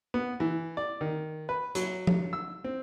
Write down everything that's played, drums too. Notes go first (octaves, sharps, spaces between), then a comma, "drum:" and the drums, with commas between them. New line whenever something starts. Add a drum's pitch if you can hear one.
B3
E3
D5
D#3
B4
F#3, drum: hi-hat
drum: tom F3
E6
C4